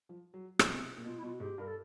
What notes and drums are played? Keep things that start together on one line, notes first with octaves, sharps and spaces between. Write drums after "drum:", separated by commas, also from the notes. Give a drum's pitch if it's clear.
F3
F#3
B2, drum: rim click
C3
A#2
B2 F4
E4
B2
F4
F#4
G#2 G4
G2 A#4
A4